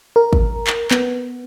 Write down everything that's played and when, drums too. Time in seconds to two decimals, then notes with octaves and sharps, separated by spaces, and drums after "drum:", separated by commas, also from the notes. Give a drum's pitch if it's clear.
0.16 A#4
0.33 drum: kick
0.67 drum: clap
0.91 B3, drum: clap